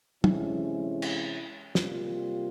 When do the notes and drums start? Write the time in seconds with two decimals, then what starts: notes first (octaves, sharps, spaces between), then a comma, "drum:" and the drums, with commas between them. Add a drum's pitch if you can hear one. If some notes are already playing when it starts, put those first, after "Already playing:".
0.24 C3 E3 G#3 C#4 E4, drum: tom
1.02 drum: cymbal
1.75 C3 G3 A#3 F4, drum: snare